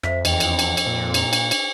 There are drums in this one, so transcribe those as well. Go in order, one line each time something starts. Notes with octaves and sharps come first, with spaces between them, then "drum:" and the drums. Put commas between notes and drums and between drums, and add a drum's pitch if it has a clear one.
F2 C5 E5 B6, drum: rim click
E2 D#5 G5, drum: cymbal
drum: cymbal
drum: cymbal
drum: cymbal
A#2
drum: cymbal
drum: cymbal
drum: cymbal